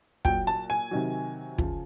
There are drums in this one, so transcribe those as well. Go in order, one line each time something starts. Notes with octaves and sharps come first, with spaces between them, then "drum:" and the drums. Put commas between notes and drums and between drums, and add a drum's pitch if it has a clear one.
A#2 F#3 G5, drum: kick
A5
G#5
C3 D#3 F#3
C#3 F3, drum: kick